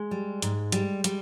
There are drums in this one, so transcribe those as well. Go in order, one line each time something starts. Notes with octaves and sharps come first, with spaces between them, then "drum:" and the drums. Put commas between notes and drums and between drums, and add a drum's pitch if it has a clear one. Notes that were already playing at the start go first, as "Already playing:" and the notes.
Already playing: G#3
G3
G#2, drum: hi-hat
G3, drum: hi-hat
G3, drum: hi-hat